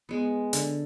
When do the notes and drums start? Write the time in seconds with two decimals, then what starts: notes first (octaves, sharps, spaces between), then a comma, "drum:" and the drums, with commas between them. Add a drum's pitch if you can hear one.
0.09 G#3 B3
0.53 D3, drum: hi-hat